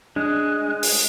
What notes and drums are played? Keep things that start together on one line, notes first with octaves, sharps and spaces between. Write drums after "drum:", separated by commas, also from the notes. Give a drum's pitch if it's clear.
G#3 D4 F#6
drum: open hi-hat